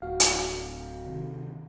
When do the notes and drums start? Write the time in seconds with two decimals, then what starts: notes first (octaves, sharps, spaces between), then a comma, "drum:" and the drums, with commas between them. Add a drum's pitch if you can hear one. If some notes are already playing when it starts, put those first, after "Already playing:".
0.02 D1 F#4 F5
0.20 drum: hi-hat
1.06 C3 D#3